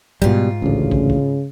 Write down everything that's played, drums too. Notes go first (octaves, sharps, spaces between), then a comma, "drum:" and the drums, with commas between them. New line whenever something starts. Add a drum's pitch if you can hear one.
G#2 B2 G3 F4, drum: kick
A1 D2 C#3
drum: kick
drum: kick